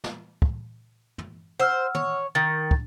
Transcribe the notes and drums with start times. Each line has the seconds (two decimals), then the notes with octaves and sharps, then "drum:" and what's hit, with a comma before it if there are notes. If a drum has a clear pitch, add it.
0.04 drum: snare
0.42 drum: kick
1.18 drum: tom
1.60 C5 F#5 E6 F6
1.95 C#5, drum: tom
2.35 D#3 A6
2.71 drum: kick